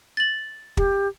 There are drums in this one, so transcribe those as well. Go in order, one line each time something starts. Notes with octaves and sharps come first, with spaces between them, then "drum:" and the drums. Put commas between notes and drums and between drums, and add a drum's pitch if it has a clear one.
A6 F#7
G4, drum: kick